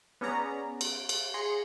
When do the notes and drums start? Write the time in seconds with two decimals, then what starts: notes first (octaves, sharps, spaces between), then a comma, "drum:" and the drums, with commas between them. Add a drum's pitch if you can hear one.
0.21 B3 C#4 G#4 D5 A#5
0.81 D7, drum: cymbal
1.09 drum: cymbal
1.34 G#4 C6 A#6 C#7